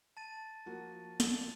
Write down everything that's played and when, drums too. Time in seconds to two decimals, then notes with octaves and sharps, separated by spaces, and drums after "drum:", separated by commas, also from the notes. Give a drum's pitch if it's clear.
0.17 A5 A6 D#7
0.66 F3 A#3 F#4
1.20 drum: snare